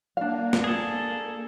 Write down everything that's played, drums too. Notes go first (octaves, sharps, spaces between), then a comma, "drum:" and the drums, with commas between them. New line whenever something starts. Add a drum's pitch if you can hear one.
A#3 D4 F5
drum: snare
G#4 A4